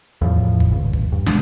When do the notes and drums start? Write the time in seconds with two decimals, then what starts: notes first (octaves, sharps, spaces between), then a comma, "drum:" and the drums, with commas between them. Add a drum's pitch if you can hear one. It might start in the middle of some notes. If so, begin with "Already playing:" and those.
0.21 E2 A2 F3
0.60 drum: kick
0.71 D#1 G#1 C#2
0.93 drum: kick
1.12 G2
1.26 D2 B2 G#3 D4, drum: snare